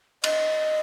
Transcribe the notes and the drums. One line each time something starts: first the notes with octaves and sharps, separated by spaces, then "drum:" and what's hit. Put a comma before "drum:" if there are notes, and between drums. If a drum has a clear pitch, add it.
D#5, drum: cymbal